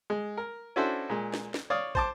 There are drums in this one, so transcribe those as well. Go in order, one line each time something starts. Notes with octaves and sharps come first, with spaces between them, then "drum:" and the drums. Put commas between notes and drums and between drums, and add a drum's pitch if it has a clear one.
G#3
A#4
C#4 D4 E4 F#4 A4 C5
A#2 G#3
drum: snare
drum: snare
C#5 D5 F5 D#6
C5 A5 D6, drum: kick